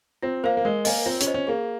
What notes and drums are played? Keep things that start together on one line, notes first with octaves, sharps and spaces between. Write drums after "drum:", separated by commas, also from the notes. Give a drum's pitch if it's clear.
C4 F4
A#3 C5 F5
A#3
G#3 A#4
A#3 D#5 G#5, drum: open hi-hat
C4 F4
C#4, drum: hi-hat
C5 D#5
C#4
A#3 G#4